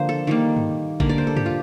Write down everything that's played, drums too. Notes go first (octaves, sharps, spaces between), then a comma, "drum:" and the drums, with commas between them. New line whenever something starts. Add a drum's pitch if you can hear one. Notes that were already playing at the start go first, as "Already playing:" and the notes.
Already playing: D3 F3 A#3 C5
A4
D#3 G3 A#3
drum: tom G2
D3 G3 A#3 A#4, drum: kick G1
D5
C5
A4
G4, drum: tom G2
F4